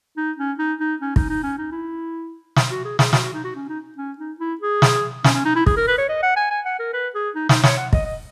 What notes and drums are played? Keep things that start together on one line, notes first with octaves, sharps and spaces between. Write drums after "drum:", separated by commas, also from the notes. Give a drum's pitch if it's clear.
D#4
C#4
D#4
D#4
C#4
D#4, drum: kick
D#4
C#4
D#4
E4
drum: snare
F#4
G#4
G#4, drum: snare
F#4, drum: snare
F#4
D#4
F#4
C#4
D#4
C#4
D#4
E4
G#4
drum: snare
C#4, drum: snare
C#4
D#4
E4
G#4, drum: kick
A#4
B4
C#5
D#5
F#5
G#5
G#5
F#5
A#4
B4
G#4
D#4
D#4, drum: snare
C#5, drum: snare
F#5
D#5, drum: kick
D#5